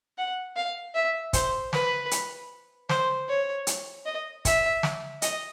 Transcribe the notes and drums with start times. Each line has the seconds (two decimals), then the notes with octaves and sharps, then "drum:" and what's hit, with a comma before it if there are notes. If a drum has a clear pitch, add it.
0.18 F#5
0.56 F5
0.95 E5
1.33 C5, drum: kick, hi-hat
1.73 B4, drum: snare
2.11 drum: hi-hat
2.89 C5, drum: snare
3.28 C#5
3.67 drum: hi-hat
4.05 D#5
4.45 E5, drum: kick, hi-hat
4.83 drum: snare
5.22 D#5, drum: hi-hat